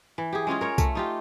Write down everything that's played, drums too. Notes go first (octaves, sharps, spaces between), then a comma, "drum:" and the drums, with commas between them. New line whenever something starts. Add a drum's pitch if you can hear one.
E3
G4 G#4
G#3 C#4 F4 G#4
A#4 C#5
A3, drum: kick C2, tambourine
D#4 F4 G4